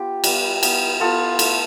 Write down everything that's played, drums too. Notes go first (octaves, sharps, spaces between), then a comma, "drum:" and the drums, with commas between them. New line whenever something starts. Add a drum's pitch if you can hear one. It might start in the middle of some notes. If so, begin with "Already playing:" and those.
Already playing: B3 F4 G4
G3 B3 F4, drum: cymbal
B3 E4, drum: cymbal
B3 E4 F4 A4
A3 E4, drum: cymbal